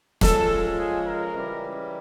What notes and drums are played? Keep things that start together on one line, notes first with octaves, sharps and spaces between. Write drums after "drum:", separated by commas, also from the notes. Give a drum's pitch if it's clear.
F3 G#3 C#4 F4 A4, drum: snare
G#4
A#4
C#3 E3 G3